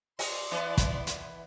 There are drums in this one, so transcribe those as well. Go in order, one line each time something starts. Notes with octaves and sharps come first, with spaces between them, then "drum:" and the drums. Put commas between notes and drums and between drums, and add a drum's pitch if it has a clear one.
D5 D#5 C6, drum: open hi-hat
E3 B3 E4
drum: kick, hi-hat
drum: hi-hat